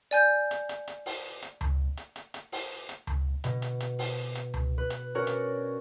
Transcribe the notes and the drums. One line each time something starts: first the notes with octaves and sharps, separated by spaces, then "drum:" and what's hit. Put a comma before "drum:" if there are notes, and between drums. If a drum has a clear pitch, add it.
D5 G#5 G6
drum: hi-hat
drum: hi-hat
drum: hi-hat
drum: open hi-hat
drum: hi-hat
drum: tom C#2
drum: hi-hat
drum: hi-hat
drum: hi-hat
drum: open hi-hat
drum: hi-hat
drum: tom C#2
B2, drum: hi-hat
drum: hi-hat
drum: hi-hat
drum: open hi-hat
drum: hi-hat
drum: tom C#2
B4
drum: hi-hat
C#4 F#4 A#4 C#5 D5
drum: hi-hat